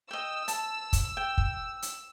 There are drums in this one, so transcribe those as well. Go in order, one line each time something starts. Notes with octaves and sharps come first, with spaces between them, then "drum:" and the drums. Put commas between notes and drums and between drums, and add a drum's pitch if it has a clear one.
D#5 G5 E6
A5, drum: hi-hat
drum: kick, hi-hat
G5
drum: kick
drum: hi-hat